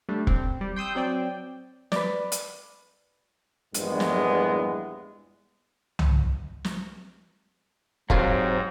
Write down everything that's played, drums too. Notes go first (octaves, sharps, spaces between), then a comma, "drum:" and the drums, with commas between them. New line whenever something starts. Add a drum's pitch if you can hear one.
G3 A3 D4
C4, drum: kick
G3
G5 C6 D#6 E6 G6
F#3 C4 D5 G5
B4 D5, drum: snare
drum: hi-hat
A#1 E2 G2 E3 G#3 B3, drum: hi-hat
drum: snare
drum: tom C2
drum: snare
G#2 F#3 G3 C4 F4, drum: kick